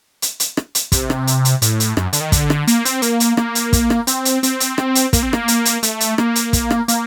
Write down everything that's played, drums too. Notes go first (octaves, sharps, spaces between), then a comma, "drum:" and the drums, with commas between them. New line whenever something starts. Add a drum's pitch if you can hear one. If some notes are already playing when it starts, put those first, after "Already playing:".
drum: hi-hat
drum: hi-hat
drum: rim click
drum: hi-hat
C3, drum: kick, hi-hat
drum: rim click
drum: hi-hat
drum: hi-hat
A2, drum: hi-hat
drum: hi-hat
F#2, drum: rim click
D3, drum: hi-hat
D#3
D3, drum: kick, hi-hat
drum: rim click
A#3, drum: hi-hat
C4, drum: hi-hat
A#3, drum: hi-hat
drum: hi-hat
A#3, drum: rim click
drum: hi-hat
drum: kick, hi-hat
drum: rim click
C4, drum: hi-hat
drum: hi-hat
C4, drum: hi-hat
drum: hi-hat
drum: rim click
drum: hi-hat
A#3, drum: kick, hi-hat
C4
A#3, drum: rim click
drum: hi-hat
drum: hi-hat
A3, drum: hi-hat
drum: hi-hat
A#3, drum: rim click
drum: hi-hat
drum: kick, hi-hat
drum: rim click
A#3, drum: hi-hat